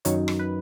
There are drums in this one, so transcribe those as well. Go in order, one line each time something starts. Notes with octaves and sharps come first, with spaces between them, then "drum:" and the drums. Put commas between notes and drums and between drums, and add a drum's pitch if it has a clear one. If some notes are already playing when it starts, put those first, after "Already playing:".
F#2 D#3 F#3 C#5, drum: hi-hat
drum: rim click
B4